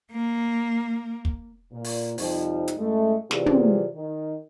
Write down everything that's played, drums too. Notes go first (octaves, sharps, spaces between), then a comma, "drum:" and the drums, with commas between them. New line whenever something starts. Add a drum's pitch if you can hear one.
A#3
drum: kick
A#2
drum: open hi-hat
F2 C3 F3 G3 D#4, drum: open hi-hat
drum: hi-hat
F#2 A2 G#3 A3
C3 E3 F4 G#4 C5 D5, drum: snare
drum: tom
D#3